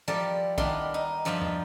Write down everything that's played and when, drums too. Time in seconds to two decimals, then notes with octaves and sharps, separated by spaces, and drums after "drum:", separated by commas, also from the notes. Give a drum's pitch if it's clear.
0.08 F3 G3 E4 A4 A#4 D5
0.58 D#3 B3 D4 E4 A#4 C6, drum: kick A#1
0.94 D#4
1.25 G2 F3 D#4 F4 E5
1.42 drum: tom E2